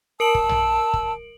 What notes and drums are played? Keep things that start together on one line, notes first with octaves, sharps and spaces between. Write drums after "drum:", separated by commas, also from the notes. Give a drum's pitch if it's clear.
A#4 A5 E6 D7 F#7
drum: kick
drum: tom
drum: kick